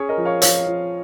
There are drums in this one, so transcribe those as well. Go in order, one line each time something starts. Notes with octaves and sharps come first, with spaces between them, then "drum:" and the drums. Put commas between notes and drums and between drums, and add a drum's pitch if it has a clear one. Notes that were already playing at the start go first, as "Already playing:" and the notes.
Already playing: C#4 G#4 C#5
A#4 D#5
F3
C#5 F5
F3 C#5 F5, drum: hi-hat
F3